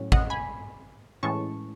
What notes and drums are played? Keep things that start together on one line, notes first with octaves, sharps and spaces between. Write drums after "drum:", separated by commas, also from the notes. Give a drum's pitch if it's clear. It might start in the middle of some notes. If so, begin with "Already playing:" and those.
Already playing: A2 F#3 C#4
D#5 F#5, drum: kick
G#5 B5
A2 E3 G#3 C#4 A5 C#6